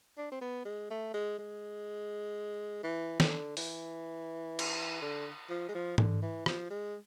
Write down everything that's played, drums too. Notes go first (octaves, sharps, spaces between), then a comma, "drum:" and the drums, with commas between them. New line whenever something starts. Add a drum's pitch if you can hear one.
D4
C4
B3
G#3
A3
G#3
G#3
E3
D3, drum: snare
E3, drum: open hi-hat
drum: cymbal
D3
F3
G#3
F3
D3, drum: tom G#2
E3
F3, drum: rim click
G#3